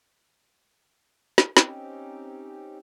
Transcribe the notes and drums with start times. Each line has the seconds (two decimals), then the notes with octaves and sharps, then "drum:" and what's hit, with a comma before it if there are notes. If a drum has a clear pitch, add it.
1.38 drum: snare
1.57 C4 C#4 D#4 G4, drum: snare